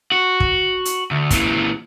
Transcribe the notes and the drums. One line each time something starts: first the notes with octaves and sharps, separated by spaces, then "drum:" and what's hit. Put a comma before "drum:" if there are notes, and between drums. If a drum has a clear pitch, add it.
F#4
drum: kick
drum: hi-hat
D2
A#2 E3, drum: kick, hi-hat